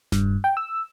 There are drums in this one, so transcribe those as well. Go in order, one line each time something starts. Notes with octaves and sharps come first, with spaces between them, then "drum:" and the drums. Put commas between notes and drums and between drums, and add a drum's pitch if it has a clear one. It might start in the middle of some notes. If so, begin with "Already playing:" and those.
G2, drum: snare E1
G5
E6